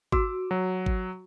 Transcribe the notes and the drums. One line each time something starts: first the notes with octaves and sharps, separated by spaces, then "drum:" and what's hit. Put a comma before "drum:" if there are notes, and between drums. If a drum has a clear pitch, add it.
F#4 D6 E6, drum: kick G#1
F#3
drum: kick G#1